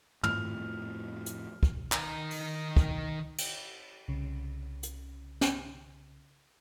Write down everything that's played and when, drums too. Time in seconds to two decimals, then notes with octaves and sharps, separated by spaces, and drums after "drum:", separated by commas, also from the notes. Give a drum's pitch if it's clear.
0.23 F2 A2 F3 F6, drum: tom
1.26 drum: hi-hat
1.63 drum: kick
1.92 D#3 A#5, drum: clap
2.31 drum: open hi-hat
2.76 drum: kick
3.38 drum: cymbal
4.08 C2 C#3
4.83 drum: hi-hat
5.41 drum: snare